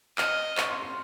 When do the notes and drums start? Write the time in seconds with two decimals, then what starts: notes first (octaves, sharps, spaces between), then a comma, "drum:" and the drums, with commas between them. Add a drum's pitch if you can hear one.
0.18 D#5 F6, drum: clap
0.57 C#6, drum: clap
0.70 C6
0.82 C6